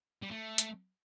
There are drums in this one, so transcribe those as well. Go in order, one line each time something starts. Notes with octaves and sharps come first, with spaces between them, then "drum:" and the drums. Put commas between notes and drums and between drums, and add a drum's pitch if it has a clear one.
G3
A3
drum: hi-hat